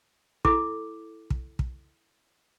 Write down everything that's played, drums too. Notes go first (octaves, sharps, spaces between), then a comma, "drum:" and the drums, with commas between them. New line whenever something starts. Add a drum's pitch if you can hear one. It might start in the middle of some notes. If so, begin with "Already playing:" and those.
E4 A4 D6, drum: kick
drum: kick
drum: kick